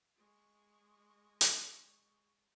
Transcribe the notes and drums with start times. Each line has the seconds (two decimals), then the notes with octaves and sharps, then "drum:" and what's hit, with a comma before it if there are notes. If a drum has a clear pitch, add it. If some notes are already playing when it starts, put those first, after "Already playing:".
0.16 G#3 C#6
1.41 drum: hi-hat